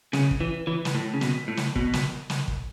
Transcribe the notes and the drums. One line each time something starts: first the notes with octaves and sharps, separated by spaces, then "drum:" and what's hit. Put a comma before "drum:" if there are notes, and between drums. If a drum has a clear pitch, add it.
C#3, drum: snare
drum: kick
E3
E3
drum: snare
A2
C#3
B2, drum: snare
A2
drum: snare
B2, drum: kick
drum: snare
drum: snare
drum: kick